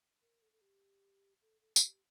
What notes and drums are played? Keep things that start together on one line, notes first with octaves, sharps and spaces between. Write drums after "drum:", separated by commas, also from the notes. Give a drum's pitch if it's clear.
A#4
A4
A4
G4
A4
A4
A4, drum: tambourine
G4